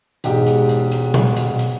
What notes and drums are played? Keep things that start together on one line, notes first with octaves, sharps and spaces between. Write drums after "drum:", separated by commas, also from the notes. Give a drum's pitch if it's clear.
E1 G#2 G4, drum: hi-hat
drum: hi-hat
drum: hi-hat
drum: hi-hat
drum: tom A#2
drum: hi-hat
drum: hi-hat